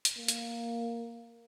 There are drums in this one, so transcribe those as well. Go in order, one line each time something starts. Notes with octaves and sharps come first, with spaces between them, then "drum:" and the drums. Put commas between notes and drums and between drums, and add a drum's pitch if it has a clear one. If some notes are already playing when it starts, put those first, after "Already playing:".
drum: hi-hat
A#3
drum: hi-hat